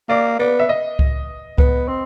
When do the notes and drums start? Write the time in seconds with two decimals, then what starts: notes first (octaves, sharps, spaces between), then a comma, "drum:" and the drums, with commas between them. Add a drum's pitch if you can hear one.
0.09 A#3 D5
0.39 B3 D5
0.60 E5
0.69 D#5
0.99 drum: kick C#2
1.58 B3, drum: kick C#2
1.88 C4